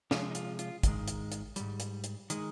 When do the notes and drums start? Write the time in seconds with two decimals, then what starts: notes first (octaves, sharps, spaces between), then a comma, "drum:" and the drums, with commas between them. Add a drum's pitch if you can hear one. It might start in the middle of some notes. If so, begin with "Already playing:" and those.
0.11 C3 F3 G#3 F4, drum: snare
0.31 D#4
0.35 F4, drum: hi-hat
0.59 F4, drum: hi-hat
0.83 G#2 D#3 G#3, drum: kick, hi-hat
1.08 drum: hi-hat
1.32 drum: hi-hat
1.56 G#2 G3, drum: hi-hat
1.80 drum: hi-hat
2.04 drum: hi-hat
2.30 D#3 G#3, drum: hi-hat